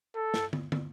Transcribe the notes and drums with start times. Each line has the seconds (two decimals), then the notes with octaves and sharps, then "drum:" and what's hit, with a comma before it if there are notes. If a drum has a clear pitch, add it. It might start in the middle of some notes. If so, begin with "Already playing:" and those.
0.15 A4
0.34 drum: snare
0.53 drum: tom
0.72 drum: tom